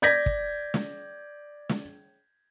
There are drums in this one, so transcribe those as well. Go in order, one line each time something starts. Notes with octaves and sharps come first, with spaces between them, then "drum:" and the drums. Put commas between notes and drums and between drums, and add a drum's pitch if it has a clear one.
D5 G6 G#6 A#6 B6
drum: kick
drum: snare
drum: snare